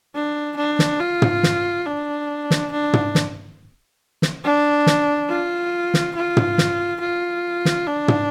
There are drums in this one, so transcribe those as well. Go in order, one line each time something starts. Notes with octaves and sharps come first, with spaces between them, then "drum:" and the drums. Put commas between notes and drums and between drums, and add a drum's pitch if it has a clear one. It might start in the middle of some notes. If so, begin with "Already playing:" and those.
D4
D4
drum: snare
F4
drum: tom
drum: snare
D4
drum: snare
D4
drum: tom
drum: snare
drum: snare
D4
drum: snare
F4
drum: snare
F4
drum: tom
drum: snare
F4
drum: snare
D4
drum: tom